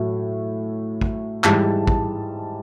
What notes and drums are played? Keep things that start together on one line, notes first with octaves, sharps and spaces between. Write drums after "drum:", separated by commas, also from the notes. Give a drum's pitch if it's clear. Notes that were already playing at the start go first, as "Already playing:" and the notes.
Already playing: A2 F#3 A3
drum: kick
G#2 E3 G3 A5, drum: clap
drum: kick